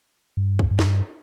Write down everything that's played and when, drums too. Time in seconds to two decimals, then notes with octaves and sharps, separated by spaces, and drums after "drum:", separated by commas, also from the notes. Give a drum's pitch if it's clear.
0.37 G2
0.59 drum: kick
0.71 G2
0.79 F#2, drum: snare
0.86 G2